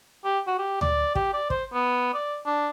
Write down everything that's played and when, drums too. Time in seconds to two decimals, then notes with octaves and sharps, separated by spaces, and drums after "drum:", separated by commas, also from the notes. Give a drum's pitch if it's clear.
0.24 G4
0.47 F#4
0.58 G4
0.81 D5, drum: tom D2
1.15 G4, drum: kick
1.33 D5
1.50 C5, drum: kick
1.73 B3
2.14 D5
2.46 D4